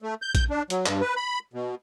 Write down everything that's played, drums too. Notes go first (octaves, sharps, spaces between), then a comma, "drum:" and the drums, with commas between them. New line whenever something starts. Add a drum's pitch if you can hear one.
A3
G6
G6, drum: kick A#1, hi-hat
D4
F#3, drum: hi-hat
G2, drum: clap
B4
B5
B2